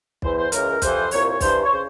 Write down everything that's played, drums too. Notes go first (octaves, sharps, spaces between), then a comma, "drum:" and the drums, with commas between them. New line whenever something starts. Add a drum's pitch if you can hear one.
E2 E3 C5, drum: kick
C5
C#2 C#3 E3 A#4, drum: hi-hat
F2 C3 E3 C5, drum: kick, hi-hat
C2 A#2 C#5, drum: open hi-hat
C#5
G2 E3 C5, drum: kick, open hi-hat
C#5
C#3 C5